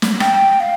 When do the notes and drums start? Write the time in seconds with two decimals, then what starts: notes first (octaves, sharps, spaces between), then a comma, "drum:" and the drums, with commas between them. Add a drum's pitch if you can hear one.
0.02 drum: snare
0.20 G5, drum: rim click
0.60 F5